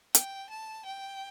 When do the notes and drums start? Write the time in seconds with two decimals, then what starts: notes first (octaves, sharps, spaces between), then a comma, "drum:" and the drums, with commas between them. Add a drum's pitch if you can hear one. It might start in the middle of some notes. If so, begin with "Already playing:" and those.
0.15 G5, drum: hi-hat
0.50 A5
0.86 G5